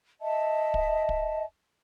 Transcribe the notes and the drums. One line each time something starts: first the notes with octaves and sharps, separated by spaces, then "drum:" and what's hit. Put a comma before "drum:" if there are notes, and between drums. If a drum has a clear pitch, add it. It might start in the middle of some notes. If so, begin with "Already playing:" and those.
D#5 E5 A5
drum: kick
drum: kick